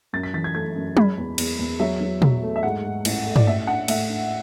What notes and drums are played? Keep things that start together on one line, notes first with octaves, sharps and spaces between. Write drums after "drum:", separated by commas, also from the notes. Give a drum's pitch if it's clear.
F#2 A6
B6
E3 A6
G#6
A3 G#6
F#2
G#3 B5, drum: tom
E2
E2, drum: cymbal
E2
F#3 E5
F#3
F#3, drum: tom
A3
E5
G#2 F#5
G#2
A1, drum: cymbal
A3
D5, drum: tom
A2 E5
D4 F#5
A2 E5, drum: cymbal
D4